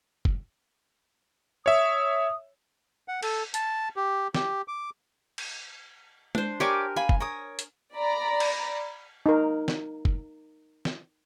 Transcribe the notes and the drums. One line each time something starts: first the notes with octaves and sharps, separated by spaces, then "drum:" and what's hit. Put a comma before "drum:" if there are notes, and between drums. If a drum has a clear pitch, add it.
drum: kick F#1
C#5 E5 D#6
F#5
A4, drum: cymbal
A5, drum: hi-hat
G4
G4, drum: snare
D6
drum: cymbal
D4 C5, drum: tom G#3
G4 A#4 C#5 D5 G#5 D6
F5 G#5 B5
drum: kick F#1
A#4 C#5 D#6
drum: hi-hat
D5 A#5 B5
drum: cymbal
D#4 A#4
drum: snare
drum: kick F#1
drum: snare